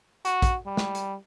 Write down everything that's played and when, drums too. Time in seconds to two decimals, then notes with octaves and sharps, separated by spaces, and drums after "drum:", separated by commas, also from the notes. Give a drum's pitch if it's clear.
0.25 F#4, drum: hi-hat
0.42 drum: kick, hi-hat
0.66 G3
0.77 drum: snare
0.95 drum: hi-hat